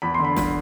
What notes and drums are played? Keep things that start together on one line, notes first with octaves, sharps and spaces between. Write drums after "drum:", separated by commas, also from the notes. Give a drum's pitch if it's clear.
E2 B5
C6
D3 B5
B5, drum: snare